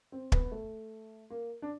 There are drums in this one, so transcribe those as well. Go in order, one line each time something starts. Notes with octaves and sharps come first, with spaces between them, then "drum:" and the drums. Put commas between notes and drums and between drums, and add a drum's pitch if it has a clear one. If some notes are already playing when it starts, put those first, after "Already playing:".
C4
B3, drum: kick
A3
A#3
D4